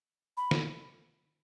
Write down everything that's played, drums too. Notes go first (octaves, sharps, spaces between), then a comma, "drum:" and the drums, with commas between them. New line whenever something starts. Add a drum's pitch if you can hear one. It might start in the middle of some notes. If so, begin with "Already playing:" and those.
B5
drum: snare